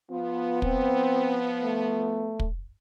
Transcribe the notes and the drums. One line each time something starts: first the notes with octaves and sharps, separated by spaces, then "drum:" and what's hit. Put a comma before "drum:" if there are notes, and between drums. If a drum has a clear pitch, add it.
F3 B3 F4
C4, drum: kick
A3
drum: kick